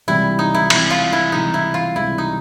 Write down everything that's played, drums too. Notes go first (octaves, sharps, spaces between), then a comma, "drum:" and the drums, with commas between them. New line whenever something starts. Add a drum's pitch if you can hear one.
C#2 C3 E3 G3 E4
D#4
E4
C#2 C3 E3 G3 E4, drum: cymbal
F4
E4
C#2 C3 E3 G3 D#4
E4
F4
C#2 C3 E3 G3 E4
D#4